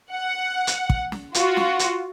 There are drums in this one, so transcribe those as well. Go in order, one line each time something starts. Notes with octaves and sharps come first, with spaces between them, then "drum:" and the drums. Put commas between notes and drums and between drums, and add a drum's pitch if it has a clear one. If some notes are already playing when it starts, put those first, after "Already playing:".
F#5
drum: hi-hat
drum: kick
drum: snare
F4 F#4, drum: hi-hat
drum: snare
drum: hi-hat